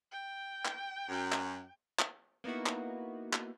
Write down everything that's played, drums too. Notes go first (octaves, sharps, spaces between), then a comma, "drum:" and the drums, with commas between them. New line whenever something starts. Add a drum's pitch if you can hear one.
G5
drum: clap
F#2
drum: clap
drum: clap
A#3 B3 D#4 E4 F#4
drum: clap
drum: clap